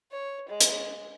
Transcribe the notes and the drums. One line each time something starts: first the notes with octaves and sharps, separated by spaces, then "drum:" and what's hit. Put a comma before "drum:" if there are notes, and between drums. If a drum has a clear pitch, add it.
C#5
G#3
drum: hi-hat